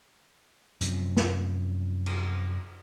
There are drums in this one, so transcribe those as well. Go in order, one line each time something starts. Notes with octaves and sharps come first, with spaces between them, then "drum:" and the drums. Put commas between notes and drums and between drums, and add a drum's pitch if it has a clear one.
F#2 C3 F3, drum: hi-hat
drum: snare
drum: cymbal